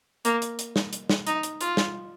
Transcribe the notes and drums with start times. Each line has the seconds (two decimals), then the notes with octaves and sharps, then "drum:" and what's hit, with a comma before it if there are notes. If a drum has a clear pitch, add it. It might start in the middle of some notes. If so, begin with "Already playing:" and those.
0.25 A#3, drum: hi-hat
0.42 drum: hi-hat
0.59 drum: hi-hat
0.76 drum: snare
0.93 drum: hi-hat
1.10 drum: snare
1.27 D#4, drum: hi-hat
1.43 drum: hi-hat
1.61 F4, drum: hi-hat
1.77 drum: snare